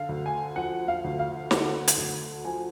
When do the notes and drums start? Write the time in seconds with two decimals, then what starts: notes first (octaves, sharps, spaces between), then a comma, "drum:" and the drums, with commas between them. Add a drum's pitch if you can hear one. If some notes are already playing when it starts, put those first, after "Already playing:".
Already playing: D3 F5
0.09 D2
0.26 G#5
0.56 F3 F#5
0.88 F5
1.04 D2
1.19 F5
1.51 D3 F#5, drum: snare
1.88 drum: hi-hat
1.98 D2
2.45 F3 G#5